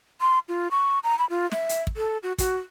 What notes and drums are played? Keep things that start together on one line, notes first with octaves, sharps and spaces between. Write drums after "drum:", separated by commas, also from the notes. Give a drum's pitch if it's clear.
C6
F4
C#6
A#5
B5
F4
E5, drum: snare
drum: hi-hat
drum: kick
A4
F#4
F#4, drum: kick, hi-hat